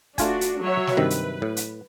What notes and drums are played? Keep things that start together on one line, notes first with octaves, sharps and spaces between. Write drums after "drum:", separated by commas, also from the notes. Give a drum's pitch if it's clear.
A3 D4 F4 F#4 G#5, drum: kick, hi-hat
drum: hi-hat
F#3 C#5 E5
drum: snare
G2 C3 D#3 B4
drum: hi-hat
A2
drum: hi-hat